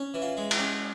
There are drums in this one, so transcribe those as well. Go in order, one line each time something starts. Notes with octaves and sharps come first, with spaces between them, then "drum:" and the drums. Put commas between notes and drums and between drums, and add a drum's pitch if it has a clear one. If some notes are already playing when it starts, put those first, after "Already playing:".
Already playing: C#4
E3
F4
G#3
D#4, drum: cymbal
C#4